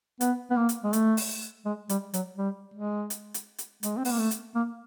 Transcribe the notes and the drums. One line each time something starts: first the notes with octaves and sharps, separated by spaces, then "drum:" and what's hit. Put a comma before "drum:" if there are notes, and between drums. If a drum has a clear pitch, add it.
B3, drum: hi-hat
B3
A#3
drum: hi-hat
G#3
A3, drum: hi-hat
drum: open hi-hat
G#3
G3, drum: hi-hat
F#3, drum: hi-hat
G3
G#3
drum: hi-hat
drum: hi-hat
drum: hi-hat
G#3, drum: hi-hat
C4
B3, drum: open hi-hat
A#3
A3
drum: hi-hat
A#3